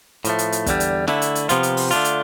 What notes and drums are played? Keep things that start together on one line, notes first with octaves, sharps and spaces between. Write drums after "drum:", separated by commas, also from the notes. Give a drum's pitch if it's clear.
A2 F3 A3, drum: hi-hat
drum: hi-hat
drum: hi-hat
E2 D3 G3, drum: kick, hi-hat
drum: hi-hat
D3 A3 E4, drum: snare
drum: hi-hat
drum: hi-hat
C3 F3 B3 F4, drum: hi-hat
drum: hi-hat
drum: open hi-hat
D3 A3 D4 F4, drum: hi-hat
drum: hi-hat